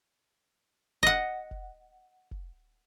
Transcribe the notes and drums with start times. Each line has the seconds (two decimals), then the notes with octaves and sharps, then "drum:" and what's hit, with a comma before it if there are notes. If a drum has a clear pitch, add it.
1.03 D#5 F#5, drum: kick
1.51 drum: kick
2.31 drum: kick